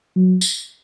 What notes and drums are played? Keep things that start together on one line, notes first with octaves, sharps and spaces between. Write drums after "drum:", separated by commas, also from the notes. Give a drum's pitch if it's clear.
F#3
drum: tambourine